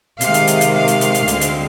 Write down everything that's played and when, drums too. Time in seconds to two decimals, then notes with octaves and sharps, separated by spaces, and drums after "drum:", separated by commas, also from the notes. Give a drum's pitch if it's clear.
0.21 C3 D#3 G#3 F5, drum: hi-hat
0.34 drum: hi-hat
0.47 drum: hi-hat
0.61 drum: hi-hat
0.74 F5
0.88 drum: hi-hat
1.01 drum: hi-hat
1.14 drum: hi-hat
1.28 D2 D3 G#3 C4, drum: hi-hat
1.41 drum: hi-hat